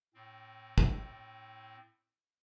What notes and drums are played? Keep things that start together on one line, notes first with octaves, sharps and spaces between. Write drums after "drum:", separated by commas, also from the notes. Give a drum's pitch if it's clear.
A2 C4
drum: kick